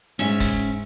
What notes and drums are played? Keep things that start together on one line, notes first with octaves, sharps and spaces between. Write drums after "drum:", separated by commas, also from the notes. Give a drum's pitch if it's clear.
G#2 C#4 E5
drum: kick, hi-hat